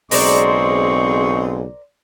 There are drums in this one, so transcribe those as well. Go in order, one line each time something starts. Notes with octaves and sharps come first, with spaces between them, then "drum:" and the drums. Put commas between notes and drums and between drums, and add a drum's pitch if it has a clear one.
B1 C#3 G#3 C4 A#4 C5 D5 C#6, drum: open hi-hat